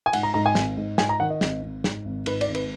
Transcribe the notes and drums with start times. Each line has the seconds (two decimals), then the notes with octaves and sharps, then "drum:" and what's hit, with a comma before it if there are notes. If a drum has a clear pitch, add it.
0.06 G#5
0.13 G#2 F#5, drum: cymbal
0.23 A#5
0.34 G#2 A#5
0.46 G#5
0.55 G#1, drum: snare
0.77 G#2
0.98 G#2 G#5, drum: snare
1.09 A#5
1.20 D#3 F#5
1.30 D#5
1.41 G#1, drum: snare
1.62 G#1
1.84 G#2, drum: snare
2.05 G#1
2.26 G#2 B4, drum: cymbal
2.41 D5, drum: cymbal
2.48 G#1
2.55 B4, drum: cymbal